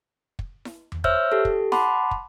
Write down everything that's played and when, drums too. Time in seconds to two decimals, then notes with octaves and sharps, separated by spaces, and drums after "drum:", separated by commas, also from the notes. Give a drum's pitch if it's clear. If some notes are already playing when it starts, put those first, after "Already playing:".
0.39 drum: kick
0.65 drum: snare E4
0.92 drum: tom E2
1.04 C5 C#5 E5 E6 F6 G6, drum: kick
1.32 G4 A4
1.45 drum: kick
1.72 F#5 A5 B5 C6 D6, drum: snare E4
2.11 drum: kick